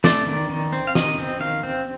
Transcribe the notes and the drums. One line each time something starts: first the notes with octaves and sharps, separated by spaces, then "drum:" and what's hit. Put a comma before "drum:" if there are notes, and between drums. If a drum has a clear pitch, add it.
A3 D5, drum: snare
D#3
D#3
C4
F5
D#3 D#5, drum: snare
C4
D#3 F5
C4